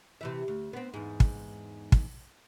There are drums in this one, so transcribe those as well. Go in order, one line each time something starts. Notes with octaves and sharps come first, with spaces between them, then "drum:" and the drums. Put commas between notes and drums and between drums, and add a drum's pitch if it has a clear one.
C3 E3 E5
D2
B3 C4
E2 G#2
drum: kick
drum: kick